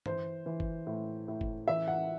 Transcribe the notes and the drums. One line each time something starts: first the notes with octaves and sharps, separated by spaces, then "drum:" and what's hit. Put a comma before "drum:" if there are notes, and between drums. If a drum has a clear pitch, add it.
E3 C5, drum: tom G2
E3
drum: kick F#1
A2
A2
drum: kick F#1
E3 E5
F#5